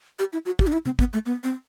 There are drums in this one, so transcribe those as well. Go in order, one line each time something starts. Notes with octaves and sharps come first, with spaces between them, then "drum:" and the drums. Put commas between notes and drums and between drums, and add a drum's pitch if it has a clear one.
G4
E4
F#4
G4, drum: kick
D4
E4
C4, drum: tom C3
B3, drum: kick
A3
B3
C4